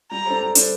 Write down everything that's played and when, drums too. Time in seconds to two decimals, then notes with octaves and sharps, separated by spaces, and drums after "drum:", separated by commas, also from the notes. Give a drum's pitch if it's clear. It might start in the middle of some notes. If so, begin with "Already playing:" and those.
0.11 G3 A#5
0.26 D4 A4 C5
0.41 G3
0.55 D4 A4 C5, drum: hi-hat